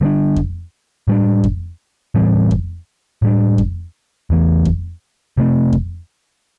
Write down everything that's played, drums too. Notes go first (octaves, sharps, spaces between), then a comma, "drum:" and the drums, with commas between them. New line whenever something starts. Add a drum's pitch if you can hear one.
D3 G3 D4
drum: kick F2
A2 G3 D4
drum: kick F2
A2 E3 G3 C4
drum: kick F2
A2 G3 D4
drum: kick F2
E2 E3 A3
drum: kick F2
C3 A3 C4
drum: kick F2